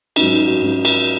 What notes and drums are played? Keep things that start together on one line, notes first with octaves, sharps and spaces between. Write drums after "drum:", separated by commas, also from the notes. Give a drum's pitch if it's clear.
G#2 F#3 C#4 D#4, drum: cymbal
D#4
F#4
G#2 F#3 C#4
drum: cymbal